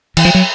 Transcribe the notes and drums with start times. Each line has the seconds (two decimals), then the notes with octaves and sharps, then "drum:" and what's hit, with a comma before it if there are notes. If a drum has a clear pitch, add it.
0.17 E3, drum: cymbal
0.25 F3
0.35 F#3